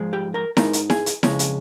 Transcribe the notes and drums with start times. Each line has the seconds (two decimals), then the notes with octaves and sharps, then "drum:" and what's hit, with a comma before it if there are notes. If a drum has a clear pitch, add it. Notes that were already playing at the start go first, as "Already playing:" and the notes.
Already playing: G#2 F3 G#3
0.13 G4 G5
0.34 A#4 A#5
0.57 G#2 F3 G#3 D#4 A#4 A#5, drum: snare E4
0.73 drum: hi-hat
0.90 G#4 G#5, drum: snare E4
1.06 drum: hi-hat
1.23 F2 C#3 G#3 C#4 C#5, drum: snare E4
1.39 drum: hi-hat